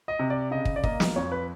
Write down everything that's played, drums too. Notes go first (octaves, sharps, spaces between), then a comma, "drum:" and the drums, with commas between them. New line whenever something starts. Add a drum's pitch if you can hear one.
D#5
C3
D5
C#3 D#5
drum: kick
D5
A#3 D#5, drum: kick
drum: snare
F2 C#5
B4